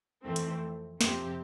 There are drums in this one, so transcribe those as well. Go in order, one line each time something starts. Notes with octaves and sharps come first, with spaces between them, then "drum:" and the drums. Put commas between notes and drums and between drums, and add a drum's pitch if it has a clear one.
F2 E3 A3 C4
drum: hi-hat
F2 C3 F3 C4 G4, drum: snare